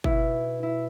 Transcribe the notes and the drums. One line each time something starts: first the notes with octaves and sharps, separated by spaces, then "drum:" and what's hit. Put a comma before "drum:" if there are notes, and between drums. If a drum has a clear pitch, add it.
B2 E4, drum: kick G1
E4